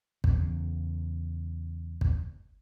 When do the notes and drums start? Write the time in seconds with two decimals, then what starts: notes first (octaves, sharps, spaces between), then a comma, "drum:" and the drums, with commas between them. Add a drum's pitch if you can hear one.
0.24 E2 C#3, drum: kick
2.01 drum: kick